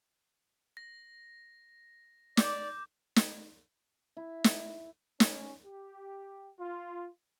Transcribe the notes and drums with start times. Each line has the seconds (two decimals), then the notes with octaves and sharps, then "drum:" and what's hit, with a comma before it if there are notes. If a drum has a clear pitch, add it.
0.77 A#6
2.37 D5 D6 G6, drum: snare
3.16 drum: snare
4.17 E4
4.44 drum: snare
5.20 C#4, drum: snare
5.65 G4
6.59 F4